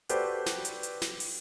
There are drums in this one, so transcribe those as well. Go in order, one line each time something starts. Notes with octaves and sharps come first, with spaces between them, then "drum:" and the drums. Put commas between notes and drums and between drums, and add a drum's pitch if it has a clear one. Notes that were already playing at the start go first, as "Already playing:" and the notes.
F#4 G4 A4 B4 C5 D5, drum: hi-hat
drum: snare
drum: hi-hat
drum: hi-hat
drum: snare
drum: open hi-hat